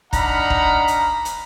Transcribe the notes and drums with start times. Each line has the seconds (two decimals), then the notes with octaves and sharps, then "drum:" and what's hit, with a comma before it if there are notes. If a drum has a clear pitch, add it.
0.13 D4 D#4 F5 F#5 A#5 B5, drum: kick, hi-hat
0.50 drum: kick
0.88 drum: hi-hat
1.25 drum: hi-hat